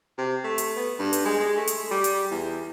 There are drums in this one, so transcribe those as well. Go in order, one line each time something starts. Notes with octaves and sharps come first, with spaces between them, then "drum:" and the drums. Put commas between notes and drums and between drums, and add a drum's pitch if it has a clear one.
C3
A3
drum: hi-hat
B3
G2
drum: hi-hat
G#3
G#3
A3
drum: hi-hat
G3
drum: hi-hat
E2